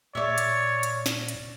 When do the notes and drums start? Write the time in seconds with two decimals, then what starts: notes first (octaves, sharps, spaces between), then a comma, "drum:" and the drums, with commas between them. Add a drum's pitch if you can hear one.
0.15 A#2 C#5 D5 E5
0.38 drum: hi-hat
0.83 drum: hi-hat
1.06 drum: snare
1.28 drum: hi-hat